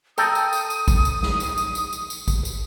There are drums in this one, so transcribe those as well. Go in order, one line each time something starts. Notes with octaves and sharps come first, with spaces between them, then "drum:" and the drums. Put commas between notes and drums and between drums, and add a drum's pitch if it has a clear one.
A4 G5 A#5 D#6, drum: tambourine
drum: tambourine
drum: tambourine
drum: tambourine
drum: kick G#1, tambourine
drum: tambourine
drum: snare
drum: tambourine
drum: tambourine
drum: tambourine
drum: tambourine
drum: tambourine
drum: kick G#1, tambourine
drum: tambourine